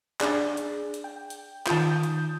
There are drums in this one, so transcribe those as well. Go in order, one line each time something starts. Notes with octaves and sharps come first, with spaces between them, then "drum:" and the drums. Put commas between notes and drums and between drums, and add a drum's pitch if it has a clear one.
D4 G#4 D5, drum: clap
drum: hi-hat
drum: hi-hat
G5
drum: hi-hat
D#3 F4 A5 D#6 G6, drum: clap
drum: hi-hat